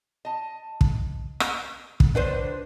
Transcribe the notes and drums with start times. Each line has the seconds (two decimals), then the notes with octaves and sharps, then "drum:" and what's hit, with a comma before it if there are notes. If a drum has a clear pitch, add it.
0.25 D#5 A5
0.81 drum: kick
1.40 drum: rim click
2.00 drum: kick
2.15 B3 D4 F4 B4 C5 D#5